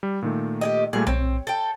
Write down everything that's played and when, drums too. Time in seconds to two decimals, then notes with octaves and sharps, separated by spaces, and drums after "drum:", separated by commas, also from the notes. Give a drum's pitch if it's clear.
0.03 G3
0.22 A#2 D#3 A3
0.61 G4 G#4 D#5
0.93 A#2 G3 A3 G#4
1.07 C4 C#5, drum: tom B1
1.47 A4 G5